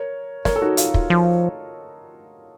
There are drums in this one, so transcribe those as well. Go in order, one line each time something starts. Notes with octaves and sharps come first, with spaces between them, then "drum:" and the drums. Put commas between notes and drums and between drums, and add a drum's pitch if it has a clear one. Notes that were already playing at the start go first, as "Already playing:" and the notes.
Already playing: A#4 C#5
A#4 C#5, drum: snare
A4
D#4 F#4
F4, drum: hi-hat
F#4
F4, drum: kick
F3